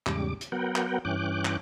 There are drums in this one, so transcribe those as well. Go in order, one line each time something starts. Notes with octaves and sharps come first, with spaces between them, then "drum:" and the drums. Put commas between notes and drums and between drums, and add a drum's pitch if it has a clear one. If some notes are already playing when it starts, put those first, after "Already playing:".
E2 G#2 C#3 G3 D6, drum: clap
drum: hi-hat
F#3 B3 A#4 F#5 G5
drum: clap
G2 E3 C#4 G5 D6 F#6
drum: clap